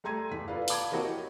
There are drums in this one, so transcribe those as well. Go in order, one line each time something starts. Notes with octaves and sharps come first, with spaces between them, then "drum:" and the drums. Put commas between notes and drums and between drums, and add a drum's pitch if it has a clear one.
G3 A3 A#5 C6 G#6 D#7
E2 B6
F4 A4 B4 D5 F5
F5 A5 B5 D6 G#6, drum: open hi-hat
E3 A#3 C4 F#4 C#5 D#5
C#5